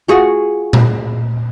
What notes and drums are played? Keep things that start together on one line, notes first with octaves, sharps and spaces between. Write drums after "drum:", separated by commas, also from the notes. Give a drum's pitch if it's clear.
F4 F#4 G#4
drum: tom A#2